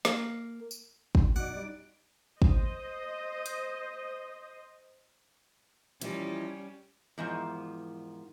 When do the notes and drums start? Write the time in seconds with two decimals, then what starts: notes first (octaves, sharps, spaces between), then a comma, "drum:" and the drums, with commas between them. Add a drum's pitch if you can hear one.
0.05 A#3, drum: snare
0.71 drum: tambourine
1.15 D2, drum: kick
1.36 F#2 B2 D#4 F#4 D5 F#5 D6
1.55 G3
2.42 C5 D#5, drum: kick
3.46 drum: hi-hat
6.02 E3 F3 G3 C#4 D#4, drum: hi-hat
7.18 E2 G#2 D#3 F3